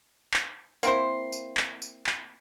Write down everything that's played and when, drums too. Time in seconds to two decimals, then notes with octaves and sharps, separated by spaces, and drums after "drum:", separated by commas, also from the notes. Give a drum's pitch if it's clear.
0.34 drum: clap
0.83 A#3 C4 E4 C5, drum: tambourine
1.32 drum: tambourine
1.57 drum: clap
1.82 drum: tambourine
2.06 drum: clap